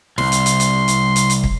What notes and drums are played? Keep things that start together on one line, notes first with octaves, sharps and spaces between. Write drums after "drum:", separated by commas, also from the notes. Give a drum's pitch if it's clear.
C2 C6, drum: snare
drum: hi-hat
drum: hi-hat
drum: hi-hat
drum: hi-hat
drum: hi-hat
drum: hi-hat
drum: kick